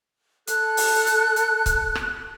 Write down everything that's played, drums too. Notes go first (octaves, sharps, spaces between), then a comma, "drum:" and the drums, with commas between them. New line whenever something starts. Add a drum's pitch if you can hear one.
A4 F#6, drum: hi-hat
drum: open hi-hat
drum: hi-hat
drum: hi-hat
drum: kick C#1, hi-hat
drum: rim click